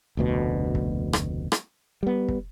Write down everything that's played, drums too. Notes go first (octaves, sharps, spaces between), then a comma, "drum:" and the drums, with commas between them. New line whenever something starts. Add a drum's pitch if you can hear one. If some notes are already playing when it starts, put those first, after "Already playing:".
F1 D2 B2
drum: kick
drum: rim click
drum: rim click
G3 B3
drum: kick